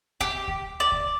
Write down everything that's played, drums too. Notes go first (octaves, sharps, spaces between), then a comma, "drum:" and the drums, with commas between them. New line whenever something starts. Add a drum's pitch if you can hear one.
G4, drum: kick D2
drum: kick D2
D5
drum: kick D2